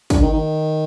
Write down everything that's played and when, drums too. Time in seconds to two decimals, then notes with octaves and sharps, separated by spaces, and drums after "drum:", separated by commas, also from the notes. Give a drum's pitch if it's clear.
0.10 D3, drum: kick, hi-hat
0.22 D#3
0.33 D#3